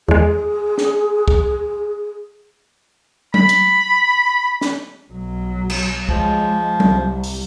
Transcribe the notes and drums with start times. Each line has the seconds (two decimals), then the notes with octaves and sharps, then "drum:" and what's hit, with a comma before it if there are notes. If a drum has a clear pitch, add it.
0.08 E2 G#3 G#4
0.78 drum: snare
1.28 drum: kick
3.34 B5, drum: tom F#3
3.49 drum: hi-hat
4.61 drum: snare
5.11 B1 F#3
5.70 drum: cymbal
6.09 F3 G#3, drum: kick
6.80 C2, drum: tom F#3
7.24 drum: open hi-hat